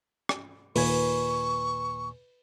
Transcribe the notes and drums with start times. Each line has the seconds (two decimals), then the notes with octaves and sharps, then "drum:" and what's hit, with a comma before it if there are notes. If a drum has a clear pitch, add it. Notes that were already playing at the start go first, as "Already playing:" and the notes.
0.29 drum: rim click
0.76 D#2 A#2 B4 G#5 C#6, drum: open hi-hat